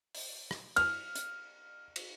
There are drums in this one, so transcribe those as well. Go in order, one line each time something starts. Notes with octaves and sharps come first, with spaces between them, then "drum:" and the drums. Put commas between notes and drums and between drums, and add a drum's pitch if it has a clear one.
drum: open hi-hat
drum: rim click
F6, drum: cymbal
drum: hi-hat
drum: cymbal